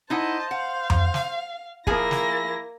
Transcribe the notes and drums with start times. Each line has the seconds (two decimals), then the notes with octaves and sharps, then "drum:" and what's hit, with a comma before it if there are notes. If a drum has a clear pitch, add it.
0.10 D#4 E4 C5 D#5 F#5 A5
0.51 F5 F#5
0.90 drum: tom F2
1.14 drum: snare
1.87 F3 A#3 E4 G#4 G#5 A#6, drum: kick
2.11 drum: snare